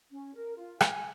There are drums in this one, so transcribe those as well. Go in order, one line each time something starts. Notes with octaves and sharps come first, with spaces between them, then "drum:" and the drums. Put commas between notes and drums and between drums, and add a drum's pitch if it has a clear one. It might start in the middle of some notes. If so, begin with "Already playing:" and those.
C#4
A#4
F4
G#5, drum: rim click